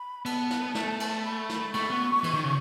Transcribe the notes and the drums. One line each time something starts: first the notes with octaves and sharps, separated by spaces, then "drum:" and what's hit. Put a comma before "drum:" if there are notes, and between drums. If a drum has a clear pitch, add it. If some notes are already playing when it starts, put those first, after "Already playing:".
Already playing: B5
B3 A5, drum: cymbal
drum: snare
A3, drum: snare
drum: cymbal
B5
drum: snare
A3 C#6, drum: cymbal
B3
E3, drum: cymbal
D#3
C#3